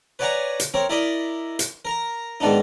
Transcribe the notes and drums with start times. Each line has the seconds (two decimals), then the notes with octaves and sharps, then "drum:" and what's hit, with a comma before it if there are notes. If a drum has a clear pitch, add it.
0.19 B4 C#5 D5 F#5 G#5 A#5
0.60 drum: hi-hat
0.74 C4 A#4 C#5
0.89 E4 A#4 D5 D#5 B5
1.59 drum: hi-hat
1.85 A#4 A#5
2.40 G#2 D#3 B3 D4 D#4